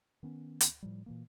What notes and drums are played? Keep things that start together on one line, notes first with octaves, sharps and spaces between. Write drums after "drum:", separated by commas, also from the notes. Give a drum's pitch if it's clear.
D#3 B3 C#4
drum: hi-hat
A2 F3 G3
A#2 E3 A#3